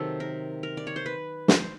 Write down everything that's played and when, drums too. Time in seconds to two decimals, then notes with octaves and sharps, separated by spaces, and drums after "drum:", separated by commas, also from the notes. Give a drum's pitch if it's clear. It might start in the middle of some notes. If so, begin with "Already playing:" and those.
Already playing: C3 D#3 F#3 A4
0.20 A#4
0.63 A#4
0.77 D5
0.87 C#5
0.96 C5
1.06 B4
1.48 C5, drum: snare